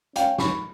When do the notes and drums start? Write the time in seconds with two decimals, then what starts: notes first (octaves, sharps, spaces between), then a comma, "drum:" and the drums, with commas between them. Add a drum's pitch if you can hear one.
0.16 C#4 F5 G5, drum: hi-hat
0.38 B5 C#6, drum: snare